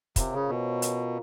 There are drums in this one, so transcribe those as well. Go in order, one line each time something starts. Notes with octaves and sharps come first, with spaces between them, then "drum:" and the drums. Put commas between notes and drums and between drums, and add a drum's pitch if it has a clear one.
C3 F3 A#3 C#4, drum: kick, hi-hat
C#3
B2 F3 A#3 C#4
F3 A#3 C#4, drum: hi-hat